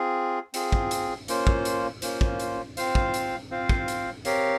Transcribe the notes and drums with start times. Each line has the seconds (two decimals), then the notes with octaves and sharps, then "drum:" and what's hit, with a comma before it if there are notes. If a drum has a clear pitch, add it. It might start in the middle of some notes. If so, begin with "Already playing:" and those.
Already playing: C4 F4 G#4
0.54 C4 F4 G#4, drum: hi-hat
0.72 drum: kick
0.91 drum: hi-hat
1.28 A#3 C#4 F4 C5, drum: hi-hat
1.47 drum: kick
1.65 drum: hi-hat
2.02 A#3 C#4 F4 C5, drum: hi-hat
2.21 drum: kick
2.40 drum: hi-hat
2.77 C4 F4 C5 F5, drum: hi-hat
2.95 drum: kick
3.14 drum: hi-hat
3.50 C4 F4 C5 F5
3.69 drum: kick
3.88 drum: hi-hat
4.25 C4 G4 A#4 C#5 F5, drum: hi-hat